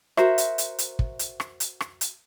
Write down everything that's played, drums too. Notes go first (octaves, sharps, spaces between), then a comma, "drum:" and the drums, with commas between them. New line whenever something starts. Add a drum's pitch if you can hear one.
F#4 A#4 C5 E5, drum: rim click
drum: hi-hat
drum: hi-hat
drum: hi-hat
drum: kick
drum: hi-hat
drum: rim click
drum: hi-hat
drum: rim click
drum: hi-hat